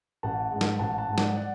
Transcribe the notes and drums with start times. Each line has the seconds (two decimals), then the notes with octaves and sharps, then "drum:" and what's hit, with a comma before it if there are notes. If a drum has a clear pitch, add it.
0.23 A1 F#5 A5
0.52 G#2 G#3
0.61 drum: snare
0.79 A1 F#5 A5
0.98 F#5 A5
1.08 G#2 G#3
1.18 D5 F#5, drum: snare
1.36 D5 F#5